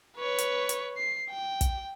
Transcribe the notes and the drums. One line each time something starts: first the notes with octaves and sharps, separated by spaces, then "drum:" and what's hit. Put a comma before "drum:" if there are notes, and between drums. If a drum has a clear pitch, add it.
B4 C#5
drum: hi-hat
drum: hi-hat
C7
G5
drum: kick, hi-hat